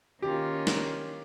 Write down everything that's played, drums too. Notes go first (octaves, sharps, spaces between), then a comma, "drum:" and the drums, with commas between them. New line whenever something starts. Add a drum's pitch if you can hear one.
D#3 A#3 C#4 F4 G4
drum: snare